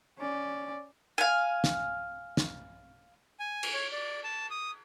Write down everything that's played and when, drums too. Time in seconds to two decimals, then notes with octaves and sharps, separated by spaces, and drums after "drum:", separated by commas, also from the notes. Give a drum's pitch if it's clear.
0.18 C#4 D5
1.18 F5 G#5
1.64 drum: snare
2.37 drum: snare
3.40 G#5
3.63 drum: cymbal
3.74 C#5
3.92 D5
4.24 A5
4.50 D#6